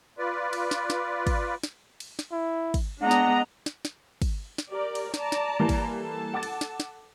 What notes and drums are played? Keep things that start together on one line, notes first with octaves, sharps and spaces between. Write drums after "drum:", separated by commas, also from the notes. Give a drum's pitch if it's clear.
F4 B4 D5
drum: cymbal
drum: snare
drum: snare
drum: kick, cymbal
drum: snare
drum: cymbal
drum: snare
E4
drum: kick, cymbal
G#3 B3 D4 D#5 F#5 A#5
drum: snare
drum: snare
drum: snare
drum: kick, cymbal
drum: snare
G4 A#4 D5
drum: cymbal
D5 A5 A#5, drum: snare
drum: snare
E3 G3 A#3
drum: kick, cymbal
A4 A5
F#5 D6 A6
drum: cymbal
drum: snare
drum: snare